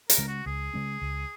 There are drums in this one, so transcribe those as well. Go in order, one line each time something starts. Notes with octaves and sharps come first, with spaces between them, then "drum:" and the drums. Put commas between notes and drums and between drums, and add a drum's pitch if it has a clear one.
A#4, drum: hi-hat
C#3 G#3 C#4
F#4
C#2 G#4
C#3 G#3 C#4
C#2